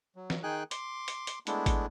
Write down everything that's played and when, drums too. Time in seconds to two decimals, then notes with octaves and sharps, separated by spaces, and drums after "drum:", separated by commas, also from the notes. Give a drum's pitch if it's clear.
0.16 F#3
0.30 drum: snare E3
0.43 D#3 D#4 G#4 G5 G#5 F#6
0.71 C6 D6, drum: hi-hat
1.08 drum: hi-hat
1.27 drum: hi-hat
1.47 G#3 A3 B3 D4 E4, drum: hi-hat
1.66 drum: kick G#1, hi-hat